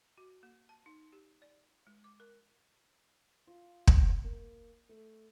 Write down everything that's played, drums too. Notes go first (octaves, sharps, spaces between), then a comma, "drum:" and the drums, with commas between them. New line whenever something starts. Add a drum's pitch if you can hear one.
F#4
A#3
A5
D#4
G4
D5
G#3
D6
A#4
F4
B4, drum: kick
A#3
A3